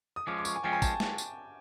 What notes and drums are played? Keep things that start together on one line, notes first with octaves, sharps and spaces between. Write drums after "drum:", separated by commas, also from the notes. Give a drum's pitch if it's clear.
D#6
F3 G#3 C#4 D6
D6
C#6, drum: tambourine
G#5
F3 G#3 C#4 G5
G#5
A5, drum: kick, tambourine
drum: snare
drum: tambourine